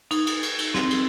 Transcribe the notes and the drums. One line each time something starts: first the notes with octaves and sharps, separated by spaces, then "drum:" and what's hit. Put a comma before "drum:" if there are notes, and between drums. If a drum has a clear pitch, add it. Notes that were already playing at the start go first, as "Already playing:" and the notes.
D#4, drum: cymbal
drum: cymbal
drum: cymbal
drum: cymbal
C4, drum: snare
drum: cymbal